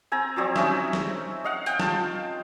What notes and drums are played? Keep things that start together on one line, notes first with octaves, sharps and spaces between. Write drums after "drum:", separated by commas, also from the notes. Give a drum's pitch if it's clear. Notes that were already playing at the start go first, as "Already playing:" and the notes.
C4 G#5 A#5
F3 F#3 C4 D5
C4 C#4 D#4 E5, drum: snare
drum: snare
D#5 F5 F#5
G5, drum: hi-hat
F4 A5, drum: snare